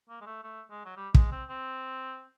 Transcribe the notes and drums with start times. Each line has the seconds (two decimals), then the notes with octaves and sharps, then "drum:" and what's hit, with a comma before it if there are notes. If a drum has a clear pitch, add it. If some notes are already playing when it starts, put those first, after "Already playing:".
0.09 A#3
0.21 G#3
0.26 A3
0.43 A3
0.70 G#3
0.85 F#3
0.97 G3
1.14 G#3, drum: kick
1.32 C4
1.49 C4